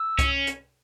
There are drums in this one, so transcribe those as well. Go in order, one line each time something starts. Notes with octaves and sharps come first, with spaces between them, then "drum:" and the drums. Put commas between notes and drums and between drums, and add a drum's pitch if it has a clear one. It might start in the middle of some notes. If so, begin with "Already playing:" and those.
Already playing: E6
C#4, drum: kick C2, hi-hat
drum: hi-hat